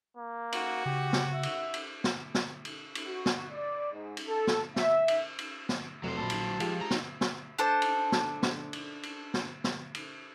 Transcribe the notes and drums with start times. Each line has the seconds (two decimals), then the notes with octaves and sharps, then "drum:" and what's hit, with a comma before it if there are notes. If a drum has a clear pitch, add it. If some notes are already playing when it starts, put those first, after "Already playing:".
0.17 A#3
0.52 F#4, drum: cymbal
0.86 C#3 G4
1.13 drum: snare
1.33 E5
1.43 drum: cymbal
1.74 drum: cymbal
2.04 drum: snare
2.34 drum: snare
2.65 drum: cymbal
2.95 drum: cymbal
3.06 F#4
3.26 drum: snare
3.51 D5
3.92 G#2
4.17 drum: cymbal
4.28 A4
4.47 drum: snare
4.76 E5, drum: snare
5.08 drum: cymbal
5.38 drum: cymbal
5.69 drum: snare
6.03 F1 F#3 C5
6.18 A#1 A5 B5
6.30 drum: cymbal
6.60 F3 G#3 F4 G4, drum: cymbal
6.81 D#4 A#5
6.91 drum: snare
7.21 drum: snare
7.59 D4 A4 C5 A5
7.82 drum: cymbal
8.12 drum: snare
8.43 drum: snare
8.73 drum: cymbal
9.03 drum: cymbal
9.34 drum: snare
9.64 drum: snare
9.95 drum: cymbal